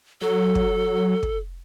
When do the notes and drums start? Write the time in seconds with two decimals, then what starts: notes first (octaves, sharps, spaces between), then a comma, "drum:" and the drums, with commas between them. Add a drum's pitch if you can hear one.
0.21 F#3 A4
0.55 drum: kick
1.23 drum: kick